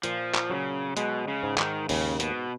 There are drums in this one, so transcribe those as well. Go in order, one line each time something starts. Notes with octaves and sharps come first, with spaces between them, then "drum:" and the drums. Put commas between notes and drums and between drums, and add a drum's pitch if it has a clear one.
A#2 F3, drum: hi-hat
drum: clap
C#3 F#3
B2 G#3, drum: hi-hat
C#3
G#2
D#3, drum: clap
D#2 C#3, drum: open hi-hat
B2, drum: hi-hat